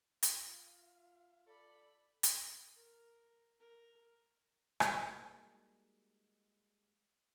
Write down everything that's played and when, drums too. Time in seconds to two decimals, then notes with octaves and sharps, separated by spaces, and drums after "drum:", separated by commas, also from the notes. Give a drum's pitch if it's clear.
0.23 F4 F5, drum: hi-hat
1.47 A4 D5 B5
2.23 drum: hi-hat
2.77 A#4
3.60 A#4
4.80 G3 G#3 A#3 D#4 F#4 G#4, drum: rim click